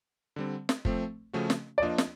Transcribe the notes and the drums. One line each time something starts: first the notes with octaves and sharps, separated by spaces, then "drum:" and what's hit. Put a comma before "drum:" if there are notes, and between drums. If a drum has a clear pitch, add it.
D3 G3 C4
drum: snare
F3 A3 C4, drum: kick
C#3 F3 A3 C#4 F#4
drum: snare
D5
F3 A#3 D4 F4 D#5
drum: snare